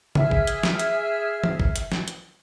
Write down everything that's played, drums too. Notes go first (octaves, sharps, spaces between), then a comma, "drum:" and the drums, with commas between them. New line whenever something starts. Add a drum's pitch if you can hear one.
G#4 E5 F6, drum: tom C#3
drum: kick
drum: hi-hat
drum: snare
drum: hi-hat
drum: tom E3
drum: kick
drum: hi-hat
drum: snare
drum: hi-hat